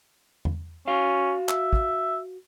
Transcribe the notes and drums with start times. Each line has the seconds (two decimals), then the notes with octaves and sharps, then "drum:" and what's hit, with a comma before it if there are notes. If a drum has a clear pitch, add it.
0.45 drum: tom E2
0.88 C#4 F#4 F5
1.49 E5, drum: clap
1.73 drum: kick